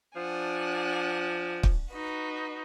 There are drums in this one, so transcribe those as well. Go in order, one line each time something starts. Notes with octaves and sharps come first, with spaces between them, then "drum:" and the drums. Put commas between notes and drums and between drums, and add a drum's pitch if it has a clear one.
F3 D4 F#5 G#5
drum: kick
D#4 F#4 B4